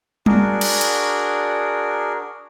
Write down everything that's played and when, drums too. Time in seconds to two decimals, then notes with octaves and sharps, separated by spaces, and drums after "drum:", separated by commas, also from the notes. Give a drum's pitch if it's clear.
0.26 D4 F#4 G#4 A#4, drum: tom G3
0.61 drum: cymbal
0.81 drum: hi-hat